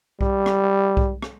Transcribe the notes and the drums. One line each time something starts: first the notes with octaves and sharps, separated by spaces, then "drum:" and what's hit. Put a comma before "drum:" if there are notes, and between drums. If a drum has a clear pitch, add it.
G3, drum: kick B1
drum: rim click
drum: kick B1
drum: rim click